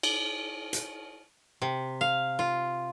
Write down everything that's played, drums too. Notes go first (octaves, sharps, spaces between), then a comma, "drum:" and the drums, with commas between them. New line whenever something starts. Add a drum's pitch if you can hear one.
drum: cymbal
drum: hi-hat
C3
F5
F4